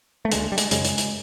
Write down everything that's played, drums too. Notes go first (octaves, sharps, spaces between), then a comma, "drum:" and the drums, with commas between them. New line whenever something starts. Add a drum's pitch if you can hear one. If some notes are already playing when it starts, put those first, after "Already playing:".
A3
D2 D3 G#3, drum: hi-hat
G3
G#3, drum: hi-hat
F#2 C#3 G#3, drum: hi-hat
drum: hi-hat
drum: hi-hat